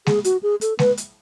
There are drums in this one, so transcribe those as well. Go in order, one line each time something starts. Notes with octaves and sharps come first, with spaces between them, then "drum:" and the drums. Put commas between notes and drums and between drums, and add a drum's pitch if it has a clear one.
G#4, drum: snare G#3
F#4, drum: hi-hat
G#4
A4, drum: hi-hat
B4, drum: snare G#3
drum: hi-hat